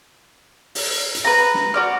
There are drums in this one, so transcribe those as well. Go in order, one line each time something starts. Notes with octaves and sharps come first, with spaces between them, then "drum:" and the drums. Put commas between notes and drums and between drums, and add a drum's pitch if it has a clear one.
drum: open hi-hat
drum: hi-hat
B4 A#5
drum: snare
F#4 D5 F6